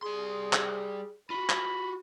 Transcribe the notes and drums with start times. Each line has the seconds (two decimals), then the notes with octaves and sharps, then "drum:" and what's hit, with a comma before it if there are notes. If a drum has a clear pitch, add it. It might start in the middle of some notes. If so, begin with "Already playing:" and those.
0.03 G3 G#4 C6
0.53 drum: clap
1.30 F4 F#4 B5
1.50 drum: clap